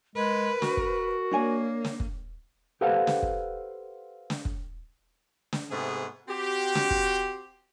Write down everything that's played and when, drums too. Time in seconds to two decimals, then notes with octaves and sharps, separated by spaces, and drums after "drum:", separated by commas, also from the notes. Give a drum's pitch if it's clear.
0.16 G#3 A#4 B4
0.62 F#4, drum: snare
0.77 drum: kick
1.31 A#3 D4 C#5 G#5
1.85 drum: snare
2.00 drum: kick
2.81 G4 A4 B4 C5 F5 F#5
3.07 drum: snare
3.23 drum: kick
4.30 drum: snare
4.45 drum: kick
5.53 drum: snare
5.71 G#2 C3 A3 B3 G#4
6.29 C4 F#4 G4
6.75 drum: snare
6.91 drum: kick